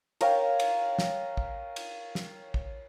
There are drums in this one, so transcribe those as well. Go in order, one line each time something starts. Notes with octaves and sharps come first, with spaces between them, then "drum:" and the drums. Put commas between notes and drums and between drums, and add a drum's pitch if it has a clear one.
A#4 C#5 F5 G5, drum: cymbal
drum: cymbal
drum: snare
drum: kick
drum: cymbal
drum: snare
drum: kick